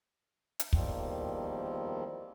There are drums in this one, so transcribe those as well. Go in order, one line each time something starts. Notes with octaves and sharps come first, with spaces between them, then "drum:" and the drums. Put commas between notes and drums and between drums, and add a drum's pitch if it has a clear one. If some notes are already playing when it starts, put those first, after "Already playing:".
drum: hi-hat
E2 D#3 F3 G3 A#3 C4, drum: kick